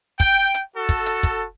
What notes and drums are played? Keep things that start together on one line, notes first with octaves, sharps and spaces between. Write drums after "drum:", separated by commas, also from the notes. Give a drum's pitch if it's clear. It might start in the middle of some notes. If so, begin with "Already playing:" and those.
G5, drum: kick, hi-hat
drum: hi-hat
F#4 A4
drum: kick, hi-hat
drum: hi-hat
drum: kick, hi-hat